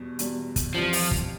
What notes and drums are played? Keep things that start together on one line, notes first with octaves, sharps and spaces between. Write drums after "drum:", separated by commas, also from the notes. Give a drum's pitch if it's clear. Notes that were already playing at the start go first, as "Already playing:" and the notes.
Already playing: E2 B2 G3
E2 B2 G3, drum: hi-hat
drum: kick, hi-hat
F2 E3 F3 G3
drum: open hi-hat
drum: kick